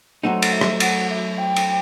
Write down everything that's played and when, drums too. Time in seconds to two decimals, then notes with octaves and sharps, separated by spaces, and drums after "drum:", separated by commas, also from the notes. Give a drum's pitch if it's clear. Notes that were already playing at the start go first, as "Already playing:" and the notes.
0.24 F#3 A3 C4 D#4 A4 F#5
0.42 drum: cymbal
0.52 E5
0.61 drum: rim click
0.80 F#5, drum: cymbal
1.09 E5
1.38 G5
1.56 drum: cymbal